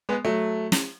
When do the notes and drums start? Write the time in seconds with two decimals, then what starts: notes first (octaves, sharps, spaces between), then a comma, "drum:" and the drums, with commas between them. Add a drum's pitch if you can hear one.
0.09 G#3 B3
0.25 F#3 A3
0.72 drum: snare